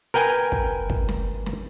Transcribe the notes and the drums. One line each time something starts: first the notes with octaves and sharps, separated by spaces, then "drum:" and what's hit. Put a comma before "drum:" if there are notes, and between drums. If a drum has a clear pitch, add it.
A#4 B4 G5 G#5
drum: kick
drum: kick
drum: snare
drum: snare